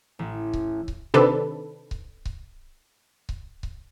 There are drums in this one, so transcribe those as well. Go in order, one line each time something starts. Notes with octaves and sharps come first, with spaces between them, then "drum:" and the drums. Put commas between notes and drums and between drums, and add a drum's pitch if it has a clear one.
A1
drum: kick C#1
drum: kick C#1
C3 D#3 C4 D4 A4 B4
drum: kick C#1
drum: kick C#1
drum: kick C#1
drum: kick C#1